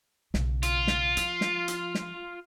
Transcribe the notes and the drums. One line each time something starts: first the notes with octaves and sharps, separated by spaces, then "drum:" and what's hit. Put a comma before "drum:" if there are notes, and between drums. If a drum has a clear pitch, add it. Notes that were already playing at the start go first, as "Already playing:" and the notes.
B1 C#3, drum: snare
F4, drum: hi-hat
drum: snare
F3, drum: hi-hat
drum: snare
drum: hi-hat
drum: snare